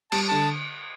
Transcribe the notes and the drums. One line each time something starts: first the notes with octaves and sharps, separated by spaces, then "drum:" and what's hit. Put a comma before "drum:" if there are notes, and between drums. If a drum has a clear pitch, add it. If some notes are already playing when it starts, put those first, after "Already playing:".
G3 A5, drum: cymbal
D3 A5